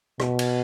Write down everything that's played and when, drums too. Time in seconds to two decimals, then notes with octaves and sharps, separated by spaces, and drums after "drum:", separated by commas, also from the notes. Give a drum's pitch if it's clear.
0.20 B2, drum: rim click
0.39 drum: cymbal